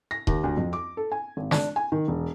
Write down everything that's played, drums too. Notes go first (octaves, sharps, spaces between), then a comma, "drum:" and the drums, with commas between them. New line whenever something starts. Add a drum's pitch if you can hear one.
A#6
D#2, drum: kick D#1
D2
F2
D6
A4
G#5
G#1
D4, drum: snare
G#5
D#3
E1